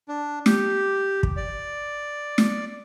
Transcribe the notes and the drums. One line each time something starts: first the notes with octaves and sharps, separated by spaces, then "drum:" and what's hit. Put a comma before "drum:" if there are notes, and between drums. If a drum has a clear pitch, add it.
D4
G4, drum: snare
drum: kick
D5
drum: snare